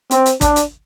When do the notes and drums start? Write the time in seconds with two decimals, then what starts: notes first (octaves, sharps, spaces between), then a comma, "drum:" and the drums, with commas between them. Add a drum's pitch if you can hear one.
0.11 C4, drum: hi-hat
0.26 drum: hi-hat
0.41 D4, drum: kick, hi-hat
0.56 drum: hi-hat